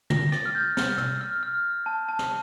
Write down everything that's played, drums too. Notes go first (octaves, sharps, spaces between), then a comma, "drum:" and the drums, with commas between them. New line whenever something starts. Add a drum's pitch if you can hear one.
A#6, drum: tom
A6, drum: rim click
F6
G6
F6, drum: snare
E6, drum: tom
F6
F6
A5
A5
drum: snare